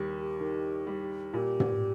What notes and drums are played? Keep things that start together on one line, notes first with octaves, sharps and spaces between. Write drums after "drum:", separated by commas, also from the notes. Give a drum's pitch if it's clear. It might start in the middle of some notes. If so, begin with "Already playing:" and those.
Already playing: D#2 G3
G4
D#3
G3
A#2 G4
drum: tom